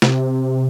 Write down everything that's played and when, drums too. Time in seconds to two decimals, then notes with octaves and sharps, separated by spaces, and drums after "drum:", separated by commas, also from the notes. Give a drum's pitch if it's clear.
0.02 C3, drum: snare